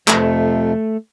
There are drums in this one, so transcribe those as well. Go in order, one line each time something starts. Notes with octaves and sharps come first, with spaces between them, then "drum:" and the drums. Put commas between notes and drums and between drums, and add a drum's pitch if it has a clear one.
F2 C3 F3 A3, drum: clap